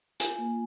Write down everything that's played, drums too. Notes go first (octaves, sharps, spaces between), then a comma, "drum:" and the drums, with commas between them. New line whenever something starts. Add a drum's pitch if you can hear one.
F4 G#5, drum: hi-hat
A#3